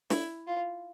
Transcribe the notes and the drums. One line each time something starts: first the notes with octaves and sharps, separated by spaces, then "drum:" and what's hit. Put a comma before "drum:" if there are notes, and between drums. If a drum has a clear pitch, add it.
E4, drum: snare
F4